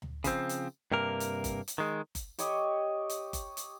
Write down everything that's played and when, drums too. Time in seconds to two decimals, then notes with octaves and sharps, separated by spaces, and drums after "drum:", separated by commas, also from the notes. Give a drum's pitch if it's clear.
0.02 drum: tom D2
0.24 C#3 F3 C4, drum: kick F#1, hi-hat
0.49 drum: hi-hat
0.92 G2 C3 A#3 A#4
1.20 drum: hi-hat
1.44 drum: kick F#1, hi-hat
1.68 drum: hi-hat
1.78 D#3 G#3
2.15 drum: kick F#1, hi-hat
2.39 G4 C#5 D#5, drum: hi-hat
3.10 drum: hi-hat
3.33 drum: kick F#1, hi-hat
3.57 drum: hi-hat